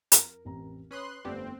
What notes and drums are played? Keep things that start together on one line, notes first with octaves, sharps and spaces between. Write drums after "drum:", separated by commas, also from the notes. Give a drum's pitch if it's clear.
F2 A#4, drum: hi-hat
A1 C4 A#5
C#4 B4 B5 C6 D#6 F#6
G1 F2 A3 B3 C4 D4 G4